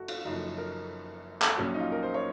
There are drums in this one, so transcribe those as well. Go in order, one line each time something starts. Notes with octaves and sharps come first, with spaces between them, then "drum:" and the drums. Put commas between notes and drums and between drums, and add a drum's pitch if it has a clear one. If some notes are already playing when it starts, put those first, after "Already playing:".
Already playing: F#1 F#4 A4
F4, drum: cymbal
F4
F#1 F#2 F3 D#4
A#4
A4, drum: clap
A#1 A#2 F#3 C#4
D#4
F4
A#4
C5
C#5